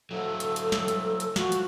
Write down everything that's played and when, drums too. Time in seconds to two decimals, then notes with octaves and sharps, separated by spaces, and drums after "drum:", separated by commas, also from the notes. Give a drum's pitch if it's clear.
0.11 F#3 E4 F#4 A4
0.40 drum: hi-hat
0.56 drum: hi-hat
0.72 drum: snare
0.88 drum: hi-hat
1.20 drum: hi-hat
1.36 F3 F#4, drum: snare
1.52 drum: hi-hat